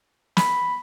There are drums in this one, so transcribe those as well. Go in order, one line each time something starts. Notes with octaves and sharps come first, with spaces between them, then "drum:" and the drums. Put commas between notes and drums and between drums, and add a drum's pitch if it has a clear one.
B5, drum: snare